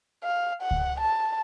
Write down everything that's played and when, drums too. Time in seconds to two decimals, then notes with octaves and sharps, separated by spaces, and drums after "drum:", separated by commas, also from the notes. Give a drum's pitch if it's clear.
0.24 F5
0.62 F#5
0.71 drum: kick C#2
1.00 A5